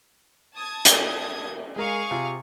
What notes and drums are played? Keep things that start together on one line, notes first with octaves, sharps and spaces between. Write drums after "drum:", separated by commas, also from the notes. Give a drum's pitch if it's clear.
A5 D#6 G#6
drum: hi-hat
G#3 G#4 A#4 F5 C#6
C3 F4